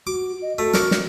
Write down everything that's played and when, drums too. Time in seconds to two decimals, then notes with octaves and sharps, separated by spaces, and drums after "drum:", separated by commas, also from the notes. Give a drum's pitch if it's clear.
0.07 F#4 D6
0.42 D#5
0.59 A3 F#4
0.74 A#4 C#6 D6, drum: snare
0.91 drum: snare